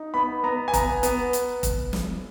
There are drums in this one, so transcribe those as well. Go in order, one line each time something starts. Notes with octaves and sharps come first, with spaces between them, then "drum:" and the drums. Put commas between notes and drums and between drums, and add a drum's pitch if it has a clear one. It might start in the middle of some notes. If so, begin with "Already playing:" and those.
Already playing: D#4
B3 B5
B3 A#5
G#5
B3 A#5, drum: kick F1, hi-hat
B3, drum: hi-hat
drum: hi-hat
drum: kick F1, hi-hat
drum: snare